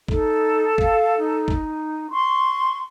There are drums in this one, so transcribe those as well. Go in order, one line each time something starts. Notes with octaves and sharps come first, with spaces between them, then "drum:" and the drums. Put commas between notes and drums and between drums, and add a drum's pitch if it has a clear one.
D#4 A4, drum: kick
F5, drum: kick
D#4
drum: kick
C6 C#6